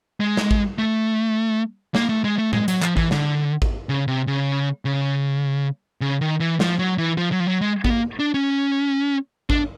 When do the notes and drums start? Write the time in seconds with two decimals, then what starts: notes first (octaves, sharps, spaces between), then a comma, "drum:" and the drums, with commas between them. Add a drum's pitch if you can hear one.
0.20 G#3
0.37 drum: snare
0.51 drum: kick A1
0.78 A3
1.95 A#3, drum: snare
2.09 A3
2.24 G#3
2.38 A3
2.53 G#3, drum: tom A2
2.68 F#3, drum: hi-hat
2.82 F3, drum: clap
2.97 E3, drum: kick A1
3.11 D3, drum: snare
3.62 drum: kick A1
3.89 C#3
4.07 C3
4.27 C#3
4.85 C#3
6.01 C#3
6.21 D#3
6.40 E3
6.60 F3, drum: snare
6.79 F#3
6.98 E3
7.18 F3
7.32 F#3
7.40 F3
7.47 F#3
7.61 G#3
7.85 B3, drum: kick A1
7.90 A#3
8.19 D4
8.34 C#4
9.50 D4, drum: kick A1